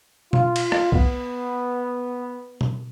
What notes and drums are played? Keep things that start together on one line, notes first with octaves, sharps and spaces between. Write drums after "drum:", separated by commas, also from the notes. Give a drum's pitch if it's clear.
F4, drum: tom B2
drum: cymbal
drum: rim click
B3, drum: kick
drum: tom B2